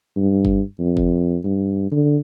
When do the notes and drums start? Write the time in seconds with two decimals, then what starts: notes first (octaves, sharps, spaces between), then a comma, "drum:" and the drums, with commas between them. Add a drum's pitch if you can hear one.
0.16 G2
0.45 drum: kick F#1
0.79 F2
0.97 drum: kick F#1
1.44 G2
1.92 D3